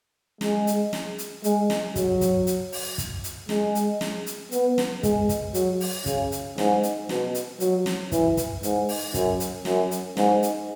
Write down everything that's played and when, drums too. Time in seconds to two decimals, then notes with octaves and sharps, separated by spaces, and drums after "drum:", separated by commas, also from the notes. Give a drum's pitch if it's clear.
0.41 G#3, drum: snare
0.67 drum: hi-hat
0.93 drum: snare
1.18 drum: hi-hat
1.44 G#3, drum: hi-hat
1.70 drum: snare
1.96 F#3, drum: kick, hi-hat
2.21 drum: kick, hi-hat
2.47 drum: hi-hat
2.72 drum: open hi-hat
2.98 drum: kick, hi-hat
3.24 drum: hi-hat
3.49 G#3, drum: snare
3.75 drum: hi-hat
4.01 drum: snare
4.26 drum: hi-hat
4.52 B3, drum: hi-hat
4.78 drum: snare
5.03 G#3, drum: kick, hi-hat
5.29 drum: kick, hi-hat
5.54 F#3, drum: hi-hat
5.80 drum: open hi-hat
6.06 C#3, drum: kick, hi-hat
6.32 drum: hi-hat
6.58 G#2, drum: snare
6.83 drum: hi-hat
7.09 B2, drum: snare
7.34 drum: hi-hat
7.60 F#3, drum: hi-hat
7.86 drum: snare
8.12 E3, drum: kick, hi-hat
8.37 drum: kick, hi-hat
8.63 G#2, drum: hi-hat
8.89 drum: open hi-hat
9.14 F#2, drum: kick, hi-hat
9.40 drum: hi-hat
9.65 F#2, drum: snare
9.91 drum: hi-hat
10.17 G#2, drum: snare
10.43 drum: hi-hat